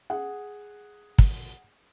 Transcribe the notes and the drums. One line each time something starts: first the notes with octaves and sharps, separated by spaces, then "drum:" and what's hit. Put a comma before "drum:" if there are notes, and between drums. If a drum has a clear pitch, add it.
G#4 F#5
drum: kick